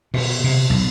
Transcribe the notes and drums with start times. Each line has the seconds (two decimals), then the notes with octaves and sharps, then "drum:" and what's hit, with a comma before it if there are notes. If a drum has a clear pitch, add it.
0.14 B2, drum: cymbal
0.44 C3
0.70 B1